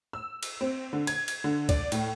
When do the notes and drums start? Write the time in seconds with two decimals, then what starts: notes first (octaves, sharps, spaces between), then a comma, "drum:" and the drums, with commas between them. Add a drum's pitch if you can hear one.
0.13 E6
0.43 drum: cymbal
0.61 C4
0.93 D3
1.07 G#6, drum: cymbal
1.28 drum: cymbal
1.44 D3
1.69 D5, drum: kick C#2, cymbal
1.92 A2, drum: cymbal